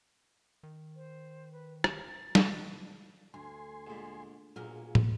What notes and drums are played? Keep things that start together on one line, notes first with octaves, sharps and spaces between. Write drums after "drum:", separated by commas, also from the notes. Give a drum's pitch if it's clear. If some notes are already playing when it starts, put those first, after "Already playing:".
D#3
C5
B4
G4, drum: rim click
A6
drum: snare
D2 G#5 C6
A#1 G#2
B1 A#2 F4 G#4 A#4
drum: tom